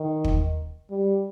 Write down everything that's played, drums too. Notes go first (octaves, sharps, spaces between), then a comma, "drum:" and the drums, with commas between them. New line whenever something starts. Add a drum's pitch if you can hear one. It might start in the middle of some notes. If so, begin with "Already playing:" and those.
Already playing: D#3
drum: kick
G3